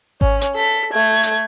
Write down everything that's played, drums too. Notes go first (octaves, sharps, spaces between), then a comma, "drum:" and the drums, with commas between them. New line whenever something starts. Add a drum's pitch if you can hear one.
C#4, drum: kick G#1
drum: hi-hat
A4 B6
A3 G#6
drum: hi-hat